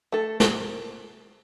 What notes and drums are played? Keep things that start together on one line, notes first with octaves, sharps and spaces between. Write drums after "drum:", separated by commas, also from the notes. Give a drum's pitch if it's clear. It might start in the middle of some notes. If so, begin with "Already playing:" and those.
A3 A4
A#4, drum: snare